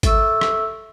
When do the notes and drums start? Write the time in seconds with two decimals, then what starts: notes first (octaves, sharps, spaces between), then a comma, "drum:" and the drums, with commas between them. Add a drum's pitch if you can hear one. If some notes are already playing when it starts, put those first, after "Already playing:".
0.03 A4 E5 C#6 E6, drum: kick G1, hi-hat
0.41 drum: rim click